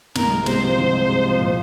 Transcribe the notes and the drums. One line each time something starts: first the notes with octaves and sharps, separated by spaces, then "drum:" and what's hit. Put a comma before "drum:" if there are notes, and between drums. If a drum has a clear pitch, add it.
C2 A#4, drum: snare
G#3
C3 C5, drum: snare
F3
C2
G#3
C3
F3
A#2